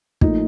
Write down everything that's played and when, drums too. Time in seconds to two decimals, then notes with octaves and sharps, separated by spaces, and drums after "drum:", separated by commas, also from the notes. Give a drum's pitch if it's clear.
0.21 A2 F3 A#3 D#4, drum: kick